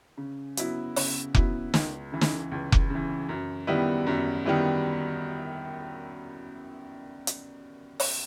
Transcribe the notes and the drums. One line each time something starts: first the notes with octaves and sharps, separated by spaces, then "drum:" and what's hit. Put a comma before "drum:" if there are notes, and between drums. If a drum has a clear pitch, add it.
C#3
F#3 B3 E4, drum: hi-hat
C#3, drum: open hi-hat
F#3 B3 E4, drum: kick F1
C#2, drum: snare
C#3 E3
drum: snare
C#2
drum: kick F1
C#3 E3
F#2
D#3 G3 B3 E4
F#2
D#3 G3 B3 E4
drum: hi-hat
drum: open hi-hat